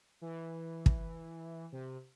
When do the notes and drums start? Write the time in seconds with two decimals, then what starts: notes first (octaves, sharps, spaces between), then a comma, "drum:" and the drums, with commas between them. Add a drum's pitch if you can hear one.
0.21 E3
0.86 drum: kick
1.72 C3